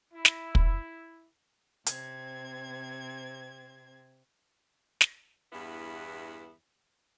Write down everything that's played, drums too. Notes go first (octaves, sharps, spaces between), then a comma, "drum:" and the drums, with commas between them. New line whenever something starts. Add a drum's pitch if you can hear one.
E4
drum: snare
drum: kick
C3 C4 G#6, drum: hi-hat
drum: snare
E2 G2 B3 E4